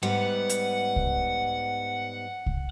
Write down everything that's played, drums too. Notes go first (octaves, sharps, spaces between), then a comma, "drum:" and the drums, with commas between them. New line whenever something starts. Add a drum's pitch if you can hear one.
G#2 G3 B3 F#5
drum: hi-hat
drum: kick C2
drum: kick C2